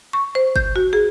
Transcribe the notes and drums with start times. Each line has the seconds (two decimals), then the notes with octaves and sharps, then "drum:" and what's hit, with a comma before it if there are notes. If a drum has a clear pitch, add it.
0.13 C#6
0.35 C5
0.56 G6, drum: kick
0.76 F#4
0.93 G#4